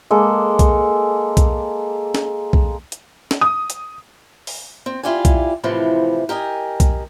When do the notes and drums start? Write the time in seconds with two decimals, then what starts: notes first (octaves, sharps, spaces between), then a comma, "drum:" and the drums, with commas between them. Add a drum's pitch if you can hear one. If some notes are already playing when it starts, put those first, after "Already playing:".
0.11 G#3 A#3 A4 D6
0.59 drum: kick B1, hi-hat
1.37 drum: kick B1, hi-hat
2.14 drum: snare
2.53 drum: kick B1
2.92 drum: hi-hat
3.31 drum: snare
3.41 D#6
3.70 drum: hi-hat
4.47 drum: open hi-hat
4.86 C4
5.03 E4 F4 G4 D5 G#5
5.25 drum: kick B1, hi-hat
5.63 A2 C3 E3 F3
6.29 G4 A#4 D#5 G#5
6.80 drum: kick B1, hi-hat